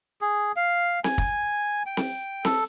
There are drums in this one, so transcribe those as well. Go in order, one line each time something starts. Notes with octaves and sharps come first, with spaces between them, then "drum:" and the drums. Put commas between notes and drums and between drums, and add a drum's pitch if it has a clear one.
G#4
F5
G#5, drum: snare C4
drum: kick
G5
drum: snare C4
A4, drum: snare C4